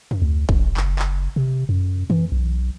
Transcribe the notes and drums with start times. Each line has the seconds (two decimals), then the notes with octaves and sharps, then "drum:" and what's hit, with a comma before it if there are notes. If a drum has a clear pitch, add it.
0.11 drum: tom F2
0.22 D2
0.49 D#1, drum: kick A1
0.77 F#1, drum: clap
0.99 drum: clap
1.36 C3
1.69 F#2
2.10 E3, drum: tom F2
2.32 B1